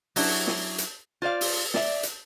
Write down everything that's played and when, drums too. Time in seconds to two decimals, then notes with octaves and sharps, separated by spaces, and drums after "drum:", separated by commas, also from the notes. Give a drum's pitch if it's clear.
0.16 F#3 C#4 D4 E4, drum: open hi-hat
0.47 drum: snare
0.78 drum: hi-hat
1.22 F4 C5 D5 F5
1.41 drum: open hi-hat
1.74 D5 E5, drum: snare
2.03 drum: hi-hat